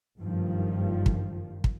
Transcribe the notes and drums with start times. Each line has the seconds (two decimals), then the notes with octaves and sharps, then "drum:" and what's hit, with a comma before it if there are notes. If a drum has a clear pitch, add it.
0.19 F#1 G2 D#3 F3
1.06 drum: kick
1.64 drum: kick